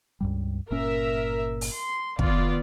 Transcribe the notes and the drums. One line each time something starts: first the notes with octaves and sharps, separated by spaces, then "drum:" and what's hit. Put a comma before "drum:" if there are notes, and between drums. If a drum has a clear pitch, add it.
C#2 G2 G3
G1 A#2 C#4 A#4 E5
drum: open hi-hat
C6
D#3 B3 F4 D5, drum: kick